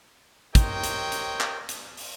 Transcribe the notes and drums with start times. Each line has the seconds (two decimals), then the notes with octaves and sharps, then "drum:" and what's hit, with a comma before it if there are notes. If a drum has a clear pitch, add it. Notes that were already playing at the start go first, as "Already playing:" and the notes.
0.55 G4 A#4 C5 C#5 D#5 G5, drum: kick, hi-hat
0.84 drum: hi-hat
1.12 drum: hi-hat
1.40 drum: clap
1.69 drum: hi-hat
1.97 drum: open hi-hat